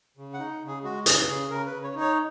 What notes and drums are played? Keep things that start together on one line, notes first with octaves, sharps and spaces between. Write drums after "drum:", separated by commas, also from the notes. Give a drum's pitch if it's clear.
C#3
F#5
D#4
C#3
G#4
G#3 F#4
C#3 G#4, drum: hi-hat
C#3 G#4
C#3 A#4
B4
C#3
C#5
D#4
C#5